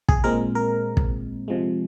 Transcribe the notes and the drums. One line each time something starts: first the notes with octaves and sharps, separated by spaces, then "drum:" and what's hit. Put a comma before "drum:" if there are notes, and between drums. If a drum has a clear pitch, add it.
G#4, drum: kick
A#2 G#3 C4 A#4
A#4
drum: kick
C3 F3 G#3